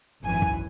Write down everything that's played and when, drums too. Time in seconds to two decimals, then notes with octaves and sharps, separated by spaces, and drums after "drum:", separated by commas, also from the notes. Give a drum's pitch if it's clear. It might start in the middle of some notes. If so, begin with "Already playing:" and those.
0.23 G#1 F#2 E3 G#5
0.42 drum: kick